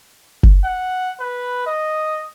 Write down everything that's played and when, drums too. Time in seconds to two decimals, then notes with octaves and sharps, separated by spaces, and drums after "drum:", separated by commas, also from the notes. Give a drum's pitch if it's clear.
0.43 drum: kick F#1
0.64 F#5
1.20 B4
1.66 D#5